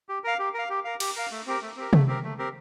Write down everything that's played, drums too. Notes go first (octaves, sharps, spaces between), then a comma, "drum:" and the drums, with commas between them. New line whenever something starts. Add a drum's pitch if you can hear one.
G4
A#4 F5
G4
A#4 F5
G4
A#4 F5
G4, drum: cymbal
A#4 F5
A3
C4 G4 A#4
A3
C4 G4 A#4
A3, drum: tom C3
C4 G4 A#4
A3
C4 G4 A#4